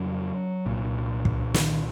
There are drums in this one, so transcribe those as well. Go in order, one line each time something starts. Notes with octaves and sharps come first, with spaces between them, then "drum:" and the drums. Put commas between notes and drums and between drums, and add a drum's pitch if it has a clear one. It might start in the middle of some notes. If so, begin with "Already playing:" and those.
Already playing: F2 C#3 F#3
C2 A#2
drum: kick
D#3, drum: snare